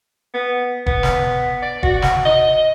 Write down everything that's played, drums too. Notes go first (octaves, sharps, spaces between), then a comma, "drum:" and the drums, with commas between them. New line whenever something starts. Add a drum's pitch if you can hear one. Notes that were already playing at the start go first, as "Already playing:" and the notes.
B3
B3, drum: kick F1
drum: snare
D5
F#4, drum: kick F1
drum: snare
D#5